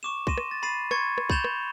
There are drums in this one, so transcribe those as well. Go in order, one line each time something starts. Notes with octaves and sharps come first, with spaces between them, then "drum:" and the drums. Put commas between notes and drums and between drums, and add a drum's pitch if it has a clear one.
C#6 D6 E7
C6 A#6 D#7 E7, drum: kick
drum: rim click
A6
B5 A6 C7 D#7
C6 C#6 G#6 A6 C#7, drum: rim click
drum: rim click
B5 G6 A6 E7 F7 G7, drum: kick
drum: rim click